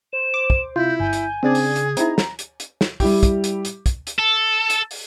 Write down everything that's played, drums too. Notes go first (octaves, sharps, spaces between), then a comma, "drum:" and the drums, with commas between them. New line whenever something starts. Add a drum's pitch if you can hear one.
C5 E7
D6
drum: kick
C3 E4 F4 G6
G1 G#5 G6
drum: hi-hat
C#3 C4 D4 G#4 D5
drum: open hi-hat
drum: hi-hat
C4 D#4 E4 A#5, drum: hi-hat
drum: snare
drum: hi-hat
drum: hi-hat
drum: snare
G3 E4 G4, drum: kick, open hi-hat
drum: kick, hi-hat
drum: hi-hat
drum: hi-hat
drum: kick, hi-hat
drum: hi-hat
A4
drum: hi-hat
drum: open hi-hat